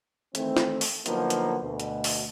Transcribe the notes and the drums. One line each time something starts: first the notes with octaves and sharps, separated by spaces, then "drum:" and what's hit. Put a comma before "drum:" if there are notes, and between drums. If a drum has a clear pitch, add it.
D#3 E3 A3 C4, drum: hi-hat
drum: snare
drum: open hi-hat
D3 F3 F#3 A#3 B3 D#4, drum: hi-hat
drum: hi-hat
D2 B2
drum: hi-hat
drum: open hi-hat